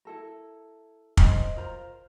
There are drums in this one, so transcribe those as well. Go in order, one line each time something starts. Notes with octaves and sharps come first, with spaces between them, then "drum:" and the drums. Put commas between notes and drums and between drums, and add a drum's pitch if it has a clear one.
E4 A4 A#4
A#4 C5 D#5, drum: kick
F4 A#4 C5 A#5